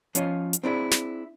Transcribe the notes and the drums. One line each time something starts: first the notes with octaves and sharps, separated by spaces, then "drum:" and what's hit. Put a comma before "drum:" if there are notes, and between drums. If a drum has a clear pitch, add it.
F3 C#4 F4 D#5, drum: hi-hat
drum: hi-hat
C4 D4 E4 G#4
drum: snare